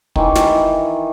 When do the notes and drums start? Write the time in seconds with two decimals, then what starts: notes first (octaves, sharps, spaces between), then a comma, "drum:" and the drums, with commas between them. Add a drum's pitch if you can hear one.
0.16 D#3 E3, drum: kick
0.35 drum: snare